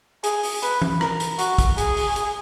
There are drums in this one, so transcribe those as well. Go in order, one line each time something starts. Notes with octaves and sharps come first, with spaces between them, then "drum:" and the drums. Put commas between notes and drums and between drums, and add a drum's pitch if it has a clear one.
G#4, drum: hi-hat
drum: open hi-hat
B4, drum: hi-hat
drum: tom E3
A#4, drum: rim click
drum: hi-hat
F#4, drum: hi-hat
drum: kick, hi-hat
G#4, drum: hi-hat
drum: open hi-hat
drum: hi-hat